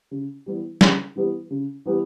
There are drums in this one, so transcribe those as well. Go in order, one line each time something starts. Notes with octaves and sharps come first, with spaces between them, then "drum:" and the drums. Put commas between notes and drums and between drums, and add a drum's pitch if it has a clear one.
C#3
E3 G3 B3 G4
C#3, drum: snare
E3 G3 B3 G4
C#3
E3 G3 B3 G4